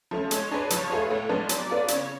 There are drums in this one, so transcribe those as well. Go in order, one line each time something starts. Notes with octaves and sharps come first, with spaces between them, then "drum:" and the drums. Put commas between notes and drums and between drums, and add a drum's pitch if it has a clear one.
F3 A3 C#4
G#3 C#5, drum: hi-hat
D4 G#4 B4
F3 C#5, drum: hi-hat
A3 F4 G#4 B4
A2 C#5
F3 G#3 B3 D4
F#3 D5, drum: hi-hat
B3 F4 A4
C#3 C#5, drum: hi-hat